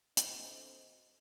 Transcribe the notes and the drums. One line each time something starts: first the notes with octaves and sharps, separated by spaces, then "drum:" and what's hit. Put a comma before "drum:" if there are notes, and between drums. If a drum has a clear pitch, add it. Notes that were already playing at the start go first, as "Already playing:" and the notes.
D2 C4 D4 D#5, drum: hi-hat